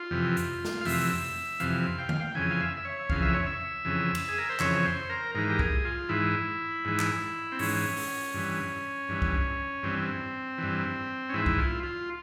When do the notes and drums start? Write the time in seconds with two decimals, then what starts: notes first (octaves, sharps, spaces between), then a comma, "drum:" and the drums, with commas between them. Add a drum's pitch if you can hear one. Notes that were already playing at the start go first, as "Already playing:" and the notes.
Already playing: F4
0.11 F2 C3 E3
0.37 drum: hi-hat
0.65 drum: snare
0.81 F5
0.85 F2 C3 E3 E5, drum: open hi-hat
1.60 F2 C3 E3 F5, drum: hi-hat
1.98 G5
2.09 F5, drum: tom D3
2.20 G5
2.35 F2 C#3 E3 G#5
2.51 F5
2.61 E5
2.77 E5
2.85 C#5
3.10 F2 C#3 E3 F5, drum: kick C2
3.22 E5
3.34 C#5
3.46 E5
3.85 F2 C#3 E3
4.15 drum: cymbal
4.29 G#4
4.38 A#4
4.50 C5
4.59 F2 C#3 E3 C#5, drum: clap
4.85 C5
5.10 A#4
5.35 G#2 E3 A#4
5.49 G4
5.59 G#4, drum: kick C2
5.85 F4
6.09 G#2 E3 E4
6.85 G#2 E3
6.99 drum: clap
7.52 C4
7.59 G#2 E3 C#4, drum: open hi-hat
7.97 drum: open hi-hat
8.34 G2 E3
9.09 G2 E3
9.22 drum: kick C2
9.83 G2 E3 C4
10.58 G2 E3
11.29 C#4
11.34 G#2 E3 E4
11.46 drum: kick C2
11.58 F4
11.83 F4